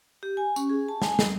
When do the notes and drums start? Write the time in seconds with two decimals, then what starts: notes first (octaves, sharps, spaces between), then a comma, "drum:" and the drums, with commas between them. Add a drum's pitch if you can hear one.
0.23 G4
0.37 G#5
0.56 C#4, drum: tambourine
0.70 G#4
0.89 A5
1.02 G#5, drum: snare
1.19 G3, drum: snare